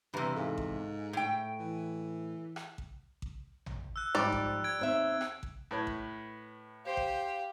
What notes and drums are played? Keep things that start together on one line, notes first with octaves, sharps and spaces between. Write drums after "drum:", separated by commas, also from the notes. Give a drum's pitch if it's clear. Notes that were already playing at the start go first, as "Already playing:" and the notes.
E2 G2 C3 B4 A#5 B5
G#2 A4 F5 G#5
drum: kick A1
A2 G5
E3
drum: rim click
drum: kick A1
drum: kick A1
drum: tom
E6 F#6
G#2 F3 G3 D5
drum: kick A1
G#6 D7
D#2 C4 E5
drum: rim click
drum: kick A1
A2 B4 C#5
drum: kick A1
G4 C5 F5
drum: kick A1